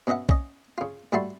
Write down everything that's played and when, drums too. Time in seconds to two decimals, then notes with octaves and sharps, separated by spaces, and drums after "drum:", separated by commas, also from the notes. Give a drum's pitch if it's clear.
0.07 B2 C#4 D#5 E5 F#5
0.29 C#4 D#5, drum: kick
0.78 C#3 F4
1.12 A2 G3 F#4 E5 A5 C6